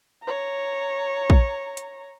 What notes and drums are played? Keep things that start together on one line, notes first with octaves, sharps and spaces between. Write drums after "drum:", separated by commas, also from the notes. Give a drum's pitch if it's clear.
C#5 A#5
drum: kick A#1
drum: hi-hat